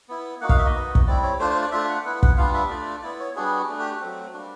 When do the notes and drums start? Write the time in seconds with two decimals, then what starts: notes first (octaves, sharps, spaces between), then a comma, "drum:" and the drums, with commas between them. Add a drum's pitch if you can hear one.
0.09 B3 E4
0.41 A#3 D#4 F#4 F#5
0.49 F5, drum: kick
0.58 E5
0.66 D#5
0.74 B3 D#4 F#4
0.95 drum: kick
1.07 G3 C4 E4 D5
1.23 C#5
1.39 A3 D4 F4 C5
1.50 C5
1.62 D5
1.72 A3 D4 F4 E5
1.89 F#5
2.04 B3 E4 F#5
2.23 F#5, drum: kick
2.37 G3 B3 D4 F4 F5
2.54 E5
2.69 A3 D4 F4 D5
3.02 B3 E4 D5
3.20 C#5
3.36 G3 B3 D4 F#4 G#4
3.68 A3 D4 F#4
3.79 G4
3.90 F#4
4.01 F#3 A3 C4
4.33 G3 A#3 D4 F#4